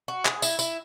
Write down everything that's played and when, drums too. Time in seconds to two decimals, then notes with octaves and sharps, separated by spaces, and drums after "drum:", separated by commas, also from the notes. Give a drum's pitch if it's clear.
0.08 F#4
0.25 G#4, drum: clap
0.42 E4, drum: tambourine
0.59 E4, drum: tambourine